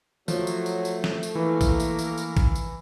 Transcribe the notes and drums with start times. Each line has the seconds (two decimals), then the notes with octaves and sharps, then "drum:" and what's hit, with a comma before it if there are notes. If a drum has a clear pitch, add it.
0.28 F3 F#3 A3, drum: tambourine
0.47 drum: tambourine
0.66 drum: tambourine
0.85 drum: tambourine
1.04 drum: snare
1.23 drum: tambourine
1.35 E3 A#3 A#4
1.61 drum: kick, tambourine
1.80 drum: tambourine
1.99 drum: tambourine
2.18 drum: tambourine
2.37 drum: kick, tambourine
2.56 drum: tambourine